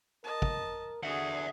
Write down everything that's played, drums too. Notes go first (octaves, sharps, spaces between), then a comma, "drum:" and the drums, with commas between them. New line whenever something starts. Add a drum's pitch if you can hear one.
A#4 D#5 A5
drum: kick
D3 F#4 G#4 E5 F#5